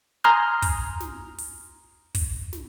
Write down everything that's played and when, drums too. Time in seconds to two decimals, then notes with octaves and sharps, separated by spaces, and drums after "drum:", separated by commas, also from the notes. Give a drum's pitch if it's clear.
0.24 G#5 A#5 C6 D#6 F6 G6
0.62 drum: kick, open hi-hat
1.00 drum: snare
1.38 drum: open hi-hat
2.15 drum: kick, open hi-hat
2.53 drum: snare